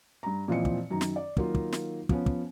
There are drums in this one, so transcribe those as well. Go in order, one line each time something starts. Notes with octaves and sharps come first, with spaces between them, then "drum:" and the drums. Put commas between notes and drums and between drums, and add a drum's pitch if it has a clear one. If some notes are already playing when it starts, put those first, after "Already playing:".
G2 A#5
A#2 E3 F3 C4 D#5 C#7
drum: kick
F#2 D#3 A#5
drum: snare
D5
D#3 F#3 A#3 D#4 F4, drum: kick
drum: kick
drum: snare
F3 B3 C#4, drum: kick
drum: kick